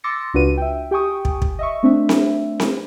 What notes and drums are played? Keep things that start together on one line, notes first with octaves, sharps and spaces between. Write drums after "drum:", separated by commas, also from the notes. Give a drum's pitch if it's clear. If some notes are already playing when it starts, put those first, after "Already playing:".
C6 D6 E6 A6 A#6 C#7
C#2 D4 F4 F#4 B4 D#7
E5 G5
G4 G5 G#5 C#6 D#6
drum: kick
drum: kick
D#5 E5 C#6
A3 C4 D4 E5
drum: snare C4
drum: snare C4